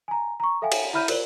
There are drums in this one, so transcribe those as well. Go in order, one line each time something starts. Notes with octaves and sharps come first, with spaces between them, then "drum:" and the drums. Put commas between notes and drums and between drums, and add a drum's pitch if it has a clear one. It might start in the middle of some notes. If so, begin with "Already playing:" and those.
G#5 A#5
A#5 C#6
A4 E5 F5 G5 G#5
drum: cymbal
E4 E5 B5 F6 G6 D#7
F4 A#4 C5 D5 F#7 G7, drum: cymbal